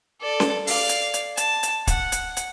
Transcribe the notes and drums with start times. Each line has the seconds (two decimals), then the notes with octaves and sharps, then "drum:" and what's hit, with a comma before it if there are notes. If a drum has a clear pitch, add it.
0.22 A4 D5
0.40 drum: snare C#4
0.67 D5 F5, drum: open hi-hat
0.89 drum: hi-hat
1.14 drum: hi-hat
1.37 A5, drum: hi-hat
1.63 drum: hi-hat
1.87 F#5, drum: kick, hi-hat
2.12 drum: hi-hat
2.37 drum: hi-hat